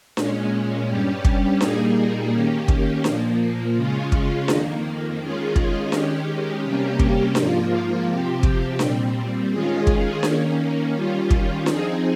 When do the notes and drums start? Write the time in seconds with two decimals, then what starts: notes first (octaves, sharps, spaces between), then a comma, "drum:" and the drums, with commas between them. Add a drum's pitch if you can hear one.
0.17 A#2 G#3 C#4, drum: snare D4
0.88 G2 G3 C#4 G4
1.25 drum: kick
1.61 A#2 G3 A#3 D#4 G#4, drum: snare D4
2.32 D#3 A#3 C#4 G4
2.68 drum: kick
3.04 A#2 F3 A#3, drum: snare D4
3.76 C#3 G#3 C#4 F4
4.12 drum: kick
4.48 F2 D#3 A#3, drum: snare D4
5.20 D#3 G#3 C#4 F4 G#4
5.56 drum: kick
5.92 D#3 G#3 C#4 G4, drum: snare D4
6.63 C3 G3 A#3 C#4 G4
6.99 drum: kick
7.35 G#2 F3 A#3 F4, drum: snare D4
8.07 C3 F3 C4 G4
8.43 drum: kick
8.79 A#2 G3 C4, drum: snare D4
9.51 D#3 G#3 C#4 F4 G#4
9.87 drum: kick
10.23 D#3 A#3 C#4, drum: snare D4
10.95 D#3 G3 C#4 F4
11.30 drum: kick
11.66 F3 C4 D#4 G#4, drum: snare D4